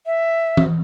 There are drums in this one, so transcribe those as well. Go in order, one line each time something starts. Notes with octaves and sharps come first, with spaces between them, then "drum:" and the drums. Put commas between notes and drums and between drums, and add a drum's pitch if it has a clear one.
E5
drum: tom E3